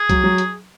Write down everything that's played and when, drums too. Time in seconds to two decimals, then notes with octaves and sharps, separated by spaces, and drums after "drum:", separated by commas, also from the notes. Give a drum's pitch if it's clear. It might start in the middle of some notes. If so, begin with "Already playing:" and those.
Already playing: G#4
0.09 F#3, drum: kick, hi-hat
0.24 F#3
0.38 drum: hi-hat